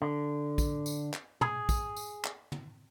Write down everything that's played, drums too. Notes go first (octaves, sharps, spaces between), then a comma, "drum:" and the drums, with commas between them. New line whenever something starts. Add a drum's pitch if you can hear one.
D3
drum: kick, tambourine
drum: tambourine
drum: clap
G#4, drum: tom
drum: kick, tambourine
drum: tambourine
drum: clap
drum: tom